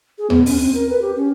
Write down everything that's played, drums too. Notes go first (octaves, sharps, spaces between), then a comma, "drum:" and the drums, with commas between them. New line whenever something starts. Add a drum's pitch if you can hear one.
G#4
B3, drum: tom D#2
C#4, drum: open hi-hat
C4
A#4
B4
G4
C#4